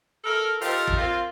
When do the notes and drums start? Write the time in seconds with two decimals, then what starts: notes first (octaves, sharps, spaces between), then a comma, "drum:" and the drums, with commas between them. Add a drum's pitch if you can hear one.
0.24 A4 A#4
0.61 D#4 F4 G4 A4 A#4, drum: open hi-hat
0.87 drum: kick
0.97 A#3 C4 F4